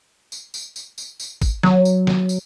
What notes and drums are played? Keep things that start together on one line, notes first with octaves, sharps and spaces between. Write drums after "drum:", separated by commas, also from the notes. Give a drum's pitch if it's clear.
drum: tambourine
drum: tambourine
drum: tambourine
drum: tambourine
drum: tambourine
drum: kick, tambourine
F#3, drum: snare
drum: tambourine
drum: snare
drum: tambourine